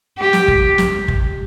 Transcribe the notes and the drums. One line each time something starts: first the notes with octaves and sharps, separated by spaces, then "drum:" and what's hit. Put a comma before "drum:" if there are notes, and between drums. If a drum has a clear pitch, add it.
G4
drum: snare
drum: kick
drum: snare
drum: kick